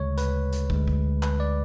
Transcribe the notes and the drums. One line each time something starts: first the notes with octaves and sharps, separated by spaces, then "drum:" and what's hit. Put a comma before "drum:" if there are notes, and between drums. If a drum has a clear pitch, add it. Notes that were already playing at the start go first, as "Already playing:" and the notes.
Already playing: D2 C#3 G#3 C#5
B4, drum: hi-hat
drum: hi-hat
D2 D3 G#3, drum: kick
drum: kick
B4, drum: clap
D5